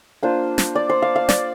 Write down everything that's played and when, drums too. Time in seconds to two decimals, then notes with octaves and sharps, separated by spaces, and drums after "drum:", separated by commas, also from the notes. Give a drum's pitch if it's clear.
0.23 A#3 D4 F4 C5
0.58 drum: snare
0.75 D5
0.89 C5
1.02 F5
1.16 F5
1.29 D5, drum: snare